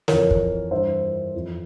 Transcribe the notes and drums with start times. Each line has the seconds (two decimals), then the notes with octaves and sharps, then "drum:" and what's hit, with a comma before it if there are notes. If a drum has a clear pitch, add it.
0.08 F2 E3 A#4 C#5, drum: snare
0.31 drum: kick
0.71 G2 E3 C5 E5
1.34 F2 E3